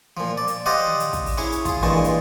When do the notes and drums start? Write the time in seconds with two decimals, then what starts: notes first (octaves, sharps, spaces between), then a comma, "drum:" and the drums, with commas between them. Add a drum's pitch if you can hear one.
0.17 A#2 F3
0.38 D5
0.48 drum: hi-hat
0.66 G4 C5 D5 D#5 F5 F#5
0.87 drum: tom D3
1.00 drum: hi-hat
1.13 drum: kick, hi-hat
1.26 drum: open hi-hat
1.38 C#4 E4 G#4 C#5
1.52 drum: hi-hat
1.65 F4 G#4, drum: kick, hi-hat
1.83 G2 A#2 E3 G#3 A5 C#6
2.04 drum: hi-hat